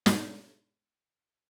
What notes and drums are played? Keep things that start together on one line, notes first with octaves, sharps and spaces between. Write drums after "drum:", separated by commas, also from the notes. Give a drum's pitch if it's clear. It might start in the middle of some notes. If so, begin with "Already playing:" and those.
G#2 B2, drum: snare